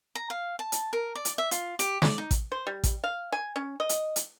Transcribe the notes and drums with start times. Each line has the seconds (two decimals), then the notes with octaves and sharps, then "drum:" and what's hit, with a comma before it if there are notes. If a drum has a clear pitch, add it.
0.15 A#5
0.30 F5
0.59 A5
0.72 drum: hi-hat
0.93 A#4
1.15 D5
1.25 drum: hi-hat
1.38 E5
1.51 F4, drum: hi-hat
1.79 G4, drum: hi-hat
2.02 D5, drum: snare
2.18 D#4
2.31 drum: kick A1, hi-hat
2.52 C5
2.67 G3
2.84 drum: kick A1, hi-hat
3.04 F5
3.32 G#5
3.56 C#4
3.80 D#5
3.89 drum: hi-hat
4.16 drum: hi-hat